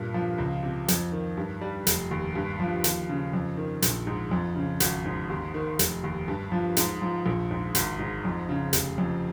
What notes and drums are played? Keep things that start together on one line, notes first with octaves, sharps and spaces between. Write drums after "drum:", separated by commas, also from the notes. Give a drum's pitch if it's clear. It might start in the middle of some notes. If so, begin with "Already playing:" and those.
Already playing: G2 A#2
F3
C#2
C3
F2, drum: hi-hat
D#3
G2
G3
F1, drum: hi-hat
D#2
G2
F3
D#2, drum: hi-hat
C#3
F2
D#3
A#1, drum: hi-hat
G#2
F2
C#3
G#1, drum: hi-hat
G#2
D#2
D#3
F1, drum: hi-hat
D#2
G2
F3
G#2, drum: hi-hat
F3
A#1
G#2
G#1, drum: hi-hat
G#2
F2
C#3
F1, drum: hi-hat
F2